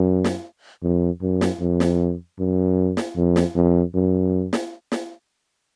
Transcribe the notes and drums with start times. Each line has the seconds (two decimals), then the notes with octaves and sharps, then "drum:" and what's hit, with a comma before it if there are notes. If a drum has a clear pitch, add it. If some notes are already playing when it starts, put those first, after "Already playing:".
Already playing: F#2
0.24 drum: snare
0.83 F2
1.22 F#2
1.41 drum: snare
1.61 F2
1.80 drum: snare
2.39 F#2
2.97 drum: snare
3.16 F2
3.36 drum: snare
3.55 F2
3.94 F#2
4.53 drum: snare
4.92 drum: snare